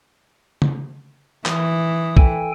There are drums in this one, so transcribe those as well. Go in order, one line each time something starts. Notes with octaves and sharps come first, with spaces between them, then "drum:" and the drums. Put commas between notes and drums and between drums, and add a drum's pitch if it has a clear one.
drum: tom C#3
E3 D#6, drum: clap
A4 G5 G#5, drum: kick